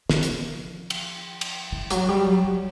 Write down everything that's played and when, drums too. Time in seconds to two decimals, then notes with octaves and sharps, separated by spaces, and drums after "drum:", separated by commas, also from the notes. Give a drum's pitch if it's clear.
0.10 F3, drum: snare
0.23 drum: hi-hat
0.90 drum: cymbal
1.41 drum: cymbal
1.72 E3
1.90 F#3, drum: hi-hat
2.09 G3
2.27 F#3
2.44 F3